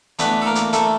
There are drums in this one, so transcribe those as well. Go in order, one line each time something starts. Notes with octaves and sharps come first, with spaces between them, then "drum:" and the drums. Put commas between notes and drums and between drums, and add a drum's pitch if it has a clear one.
E3 A3 B3 D4 B4, drum: hi-hat
A4
A#3 A#4
drum: hi-hat
A3 A4, drum: hi-hat